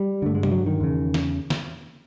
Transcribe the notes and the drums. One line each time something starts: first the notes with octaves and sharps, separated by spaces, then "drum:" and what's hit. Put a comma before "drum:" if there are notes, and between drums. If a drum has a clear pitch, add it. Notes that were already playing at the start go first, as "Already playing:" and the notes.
Already playing: G3
G2 D3 A3
G#3
G3, drum: tom C3
F#3
D#3
E2 C#3
drum: snare
drum: snare